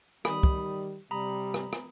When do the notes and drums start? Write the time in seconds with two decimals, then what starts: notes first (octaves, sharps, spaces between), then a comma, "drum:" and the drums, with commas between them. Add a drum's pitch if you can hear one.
0.25 D#3 G3 B5 D#6, drum: rim click
0.43 drum: kick
1.11 C3 G3 A#5 B5 D#6
1.54 drum: rim click
1.73 drum: rim click